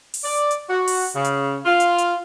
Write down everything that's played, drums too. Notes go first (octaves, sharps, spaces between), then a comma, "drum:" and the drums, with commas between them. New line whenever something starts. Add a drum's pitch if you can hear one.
drum: open hi-hat
D5
drum: hi-hat
F#4
drum: open hi-hat
C#3
drum: hi-hat
F4
drum: hi-hat
drum: hi-hat